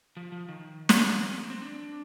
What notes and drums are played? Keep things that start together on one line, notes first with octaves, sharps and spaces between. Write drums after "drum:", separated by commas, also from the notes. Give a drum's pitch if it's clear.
F3
F3
D#3
drum: snare
F3
G3
C4
A#3
C4
D4